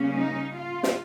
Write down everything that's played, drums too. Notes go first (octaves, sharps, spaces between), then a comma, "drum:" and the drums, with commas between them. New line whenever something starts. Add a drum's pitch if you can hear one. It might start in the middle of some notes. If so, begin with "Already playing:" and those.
Already playing: C#3 G3 A#3 C#4
D#4
F4
drum: snare